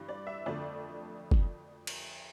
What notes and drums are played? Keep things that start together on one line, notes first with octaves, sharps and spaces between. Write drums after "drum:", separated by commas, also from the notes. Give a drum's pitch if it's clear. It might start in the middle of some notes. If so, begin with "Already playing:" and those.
Already playing: G2 E3 G3
D5
E5
F2 D3 F3 A3 D5
drum: kick
drum: cymbal